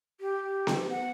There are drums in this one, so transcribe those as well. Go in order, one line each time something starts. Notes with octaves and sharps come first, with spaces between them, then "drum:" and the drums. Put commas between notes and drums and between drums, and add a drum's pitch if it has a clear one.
G4
drum: snare B3
F#5